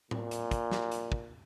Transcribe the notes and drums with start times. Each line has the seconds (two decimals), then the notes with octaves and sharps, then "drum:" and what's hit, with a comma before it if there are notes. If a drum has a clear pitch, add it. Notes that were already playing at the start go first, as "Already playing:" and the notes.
0.11 A#2, drum: tom A2
0.31 drum: hi-hat
0.51 drum: kick, hi-hat
0.71 drum: snare
0.92 drum: hi-hat
1.12 drum: kick